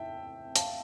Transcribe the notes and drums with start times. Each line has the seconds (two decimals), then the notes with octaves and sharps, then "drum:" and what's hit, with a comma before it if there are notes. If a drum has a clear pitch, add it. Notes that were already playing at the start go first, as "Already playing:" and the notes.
Already playing: A2 E5 G5 A5
0.56 F5 A5, drum: hi-hat